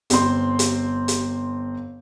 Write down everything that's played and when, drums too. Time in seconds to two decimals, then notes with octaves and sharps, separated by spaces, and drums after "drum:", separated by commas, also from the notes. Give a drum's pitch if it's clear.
0.10 G1 C4 C6, drum: hi-hat
0.59 drum: hi-hat
1.08 drum: hi-hat